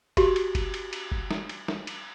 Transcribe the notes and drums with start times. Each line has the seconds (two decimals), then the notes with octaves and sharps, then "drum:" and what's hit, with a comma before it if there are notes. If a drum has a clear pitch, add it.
0.17 F#4 G4, drum: kick F#1, cymbal
0.36 drum: cymbal
0.55 drum: kick F#1, cymbal
0.74 drum: cymbal
0.93 drum: cymbal
1.12 drum: kick F#1
1.31 drum: snare
1.49 drum: cymbal
1.68 drum: snare
1.87 drum: cymbal